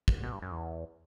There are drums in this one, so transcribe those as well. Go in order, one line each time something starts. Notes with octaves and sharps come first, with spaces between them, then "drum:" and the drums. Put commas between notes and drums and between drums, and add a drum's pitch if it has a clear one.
drum: kick
B2
G2
F#2
E2